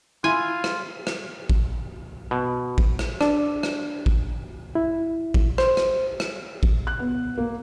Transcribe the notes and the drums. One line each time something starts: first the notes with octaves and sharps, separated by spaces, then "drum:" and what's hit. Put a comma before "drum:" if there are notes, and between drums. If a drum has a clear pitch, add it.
E4 F4 G#5 C6
drum: rim click
drum: rim click
drum: kick A1
B2
drum: kick A1
drum: rim click
D4, drum: rim click
drum: rim click
drum: kick A1
E4
drum: kick A1
C5, drum: rim click
drum: rim click
drum: rim click
drum: kick A1
F#6
B3
A#3